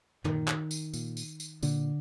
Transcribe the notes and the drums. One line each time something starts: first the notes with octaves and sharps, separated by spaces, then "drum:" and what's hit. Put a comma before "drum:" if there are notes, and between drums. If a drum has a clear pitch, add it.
A#2 D#3, drum: tom
drum: clap
drum: tambourine
A#2, drum: tambourine
drum: tambourine
drum: tambourine
A#2 D3, drum: tambourine